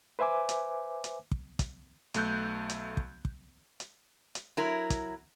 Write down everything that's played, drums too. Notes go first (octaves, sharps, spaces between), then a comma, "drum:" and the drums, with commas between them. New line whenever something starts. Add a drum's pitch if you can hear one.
B4 C5 E5 G#5 D6
drum: hi-hat
drum: hi-hat
drum: kick
drum: kick, hi-hat
B1 A3 F#6 G6, drum: hi-hat
drum: hi-hat
drum: kick
drum: kick
drum: hi-hat
drum: hi-hat
F#3 E4 A#4
drum: kick, hi-hat